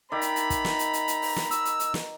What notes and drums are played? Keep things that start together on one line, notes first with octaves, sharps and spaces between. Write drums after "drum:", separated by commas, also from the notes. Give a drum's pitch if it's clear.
D#3 D5 E5 A#5 B5
drum: hi-hat
drum: hi-hat
drum: kick, hi-hat
drum: snare
drum: hi-hat
drum: hi-hat
drum: hi-hat
drum: open hi-hat
drum: snare
E6, drum: hi-hat
drum: hi-hat
drum: hi-hat
drum: snare